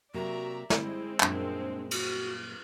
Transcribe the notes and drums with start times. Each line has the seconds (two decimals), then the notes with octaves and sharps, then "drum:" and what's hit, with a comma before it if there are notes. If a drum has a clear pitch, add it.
0.14 C3 F#3 A#3 F#4 D5 E5 A#5
0.70 G3 G#3 C4 E4, drum: snare
1.20 F#2 A#2 G3 D4, drum: clap
1.91 F#4, drum: cymbal